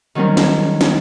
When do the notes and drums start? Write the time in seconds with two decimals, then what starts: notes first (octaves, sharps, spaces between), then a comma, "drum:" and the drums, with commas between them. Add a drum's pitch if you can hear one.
0.15 D#3 F#3 G3 C4 C#4 A#4
0.37 drum: snare
0.81 drum: snare